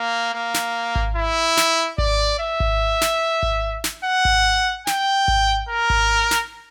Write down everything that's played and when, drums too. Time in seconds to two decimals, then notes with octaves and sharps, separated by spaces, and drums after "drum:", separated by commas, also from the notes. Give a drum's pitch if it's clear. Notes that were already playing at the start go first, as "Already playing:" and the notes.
Already playing: A#3
0.34 A#3
0.54 drum: snare
0.95 drum: kick G#1
1.16 E4
1.57 drum: snare
1.98 D5, drum: kick G#1
2.40 E5
2.60 drum: kick G#1
3.01 drum: snare
3.43 drum: kick G#1
3.84 drum: snare
4.04 F#5
4.25 drum: kick G#1
4.87 G5, drum: snare
5.28 drum: kick G#1
5.69 A#4
5.90 drum: kick G#1
6.31 drum: snare